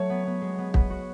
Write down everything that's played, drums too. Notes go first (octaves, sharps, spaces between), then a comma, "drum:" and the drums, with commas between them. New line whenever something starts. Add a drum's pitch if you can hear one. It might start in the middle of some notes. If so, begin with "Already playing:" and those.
Already playing: F#3 A3 C#5
B3
B3
G#3
B3
B3, drum: kick
F#4